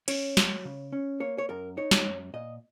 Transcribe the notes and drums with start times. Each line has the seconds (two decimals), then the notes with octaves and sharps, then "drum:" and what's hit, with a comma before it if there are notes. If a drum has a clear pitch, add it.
0.08 C#4 C#5, drum: cymbal
0.37 F#3, drum: snare
0.65 C#3
0.93 C#4
1.20 A#3 C#5
1.38 C#5
1.49 F#2 A#4
1.77 D#4 C#5
1.91 drum: snare
2.05 F#2
2.34 A#2 D#5